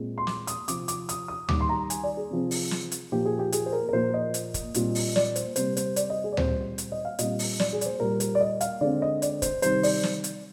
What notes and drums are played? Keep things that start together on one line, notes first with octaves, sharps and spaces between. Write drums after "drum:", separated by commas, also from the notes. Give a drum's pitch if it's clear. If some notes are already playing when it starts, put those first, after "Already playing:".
Already playing: A#2 G#3 C4
C6
D6, drum: snare
D#6, drum: hi-hat
C3 F3 C4 D6, drum: hi-hat
D6, drum: hi-hat
D#6, drum: hi-hat
D#6
D#3 G3 A#3 D6, drum: tom D2
C6
A#5
G#5, drum: hi-hat
D5
G#4
C3 F3 C4
drum: open hi-hat
drum: snare
drum: hi-hat
A#2 F3 A#3 G4
G#4
G4
G#4, drum: hi-hat
C5
A#4
A#4
A#2 F3 A#3 C5
D#5
drum: hi-hat
drum: kick, hi-hat
A#2 G3 C4, drum: hi-hat
drum: open hi-hat
D5, drum: snare
C5, drum: hi-hat
C3 G3 A#3 C5, drum: hi-hat
C5, drum: hi-hat
D5, drum: hi-hat
D#5
G#4
D5
A#2 G3 C4 C5, drum: tom D2
drum: hi-hat
D#5
F5
A#2 G3 C4 D#5, drum: hi-hat
drum: open hi-hat
D5, drum: snare
G#4
D5, drum: hi-hat
C5
A#2 G3 A#3 A#4
A#4, drum: hi-hat
D5
D#5
F5, drum: hi-hat
D3 G#3 C4 D5
D#5
D5, drum: hi-hat
C5, drum: kick, hi-hat
C3 D#3 G3 C5, drum: hi-hat
D5, drum: open hi-hat
drum: snare
drum: hi-hat